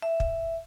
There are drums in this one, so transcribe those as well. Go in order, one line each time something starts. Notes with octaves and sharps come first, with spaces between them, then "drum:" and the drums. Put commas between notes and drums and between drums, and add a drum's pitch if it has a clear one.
E5
drum: kick